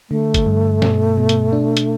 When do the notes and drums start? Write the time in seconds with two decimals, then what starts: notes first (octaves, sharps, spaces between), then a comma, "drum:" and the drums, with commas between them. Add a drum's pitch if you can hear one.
0.10 D3 A3
0.34 drum: kick G1, hi-hat
0.46 G2
0.82 B2, drum: snare
1.17 B2
1.29 drum: hi-hat
1.53 D4
1.77 drum: hi-hat